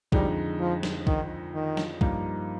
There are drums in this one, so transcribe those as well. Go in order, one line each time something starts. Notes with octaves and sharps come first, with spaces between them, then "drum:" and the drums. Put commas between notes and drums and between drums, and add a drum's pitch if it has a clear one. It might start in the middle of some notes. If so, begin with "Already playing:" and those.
F2 D3 G3 G#3 D#4, drum: kick
F3
drum: snare
D#3, drum: kick
D#3
drum: snare
G2 F3 A#3 D#4, drum: kick